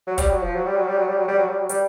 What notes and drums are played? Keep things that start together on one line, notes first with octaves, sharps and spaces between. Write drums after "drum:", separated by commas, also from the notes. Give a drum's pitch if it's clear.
F#3
G3, drum: kick, hi-hat
F#3
F3
F#3
G3
F#3
G3
F#3
G3
F#3
G3
F#3
G3
F#3
G3, drum: hi-hat